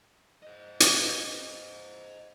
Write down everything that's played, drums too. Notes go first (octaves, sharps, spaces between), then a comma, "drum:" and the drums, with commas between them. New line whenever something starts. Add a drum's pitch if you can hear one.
C5 D#5
drum: hi-hat